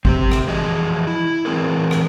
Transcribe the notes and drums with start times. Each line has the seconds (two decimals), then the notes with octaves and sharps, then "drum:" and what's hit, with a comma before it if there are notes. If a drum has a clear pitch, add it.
0.05 C4 G4 C5, drum: kick G#1
0.31 drum: rim click
0.47 F2 E3 G#4 D#5
1.07 E4
1.45 E3 C4 G#4 A#4
1.91 drum: rim click